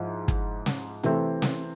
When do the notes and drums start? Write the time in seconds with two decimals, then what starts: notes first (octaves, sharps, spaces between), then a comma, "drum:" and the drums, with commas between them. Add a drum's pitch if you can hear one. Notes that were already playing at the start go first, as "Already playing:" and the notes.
Already playing: G#2 F3 E4
0.28 drum: kick, hi-hat
0.66 drum: snare
1.03 C3 E3 A3 C4, drum: hi-hat
1.42 drum: snare